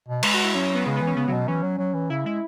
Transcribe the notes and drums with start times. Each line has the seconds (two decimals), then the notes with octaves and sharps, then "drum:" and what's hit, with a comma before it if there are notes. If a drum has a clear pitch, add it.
0.08 B2
0.23 G#3 B4, drum: cymbal
0.34 F#4
0.44 E4
0.54 F#3 C#4
0.65 C#4
0.75 B3
0.85 C#3 G#3
0.96 B3
1.01 E3
1.07 C#4
1.16 C#3 B3
1.27 C#3 F#3
1.32 B2
1.47 E3 C#4
1.63 F#3
1.79 F#3
1.94 E3
2.10 C#3 E4
2.25 G#3 E4